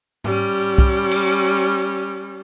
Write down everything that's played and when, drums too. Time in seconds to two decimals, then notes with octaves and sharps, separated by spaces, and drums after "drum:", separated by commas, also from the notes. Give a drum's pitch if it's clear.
0.24 G3 C#4, drum: tom G#2
0.78 drum: kick
1.11 drum: cymbal